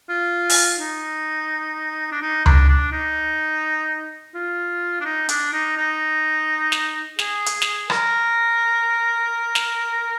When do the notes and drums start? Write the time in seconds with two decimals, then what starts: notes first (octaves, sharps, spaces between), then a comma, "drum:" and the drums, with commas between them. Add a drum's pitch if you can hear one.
0.09 F4
0.50 drum: open hi-hat
0.79 D#4
2.12 D4
2.22 D#4
2.46 D4, drum: tom C#2
2.68 D4
2.92 D#4
4.35 F4
5.01 D4
5.05 D#4
5.29 D4, drum: hi-hat
5.53 D#4
5.77 D#4
6.72 drum: snare
7.19 G#4, drum: snare
7.46 drum: hi-hat
7.62 drum: snare
7.90 A#4, drum: rim click
9.55 drum: snare